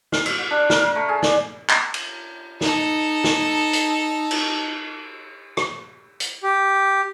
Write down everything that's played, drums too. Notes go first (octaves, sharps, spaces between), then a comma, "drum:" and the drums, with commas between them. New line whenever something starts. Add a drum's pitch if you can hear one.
F5, drum: snare
E5, drum: cymbal
F5
D4
A#4, drum: snare
A#4
A3
G#4
D5, drum: snare
drum: clap
drum: cymbal
D#4 A4, drum: snare
drum: snare
drum: hi-hat
drum: cymbal
drum: rim click
drum: hi-hat
G4